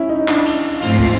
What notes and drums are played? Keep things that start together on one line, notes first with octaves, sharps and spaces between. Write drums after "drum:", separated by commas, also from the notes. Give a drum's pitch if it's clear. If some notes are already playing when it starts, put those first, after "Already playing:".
Already playing: C#4 E4
D#4
D4, drum: clap
drum: cymbal
G#2 F3 A3 C4 F4, drum: cymbal
drum: kick